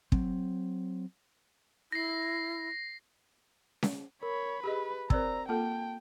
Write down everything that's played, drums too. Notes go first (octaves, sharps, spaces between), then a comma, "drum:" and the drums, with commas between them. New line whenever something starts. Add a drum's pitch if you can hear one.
F#3 C4, drum: kick
E4 A#6 C7
drum: snare C#4
A#4 C#5 B5
G4 G#4 B4 D#5 B5
C4 A#4 C5 D5 A#5 E6, drum: kick
A#3 F4 A4 G5 A5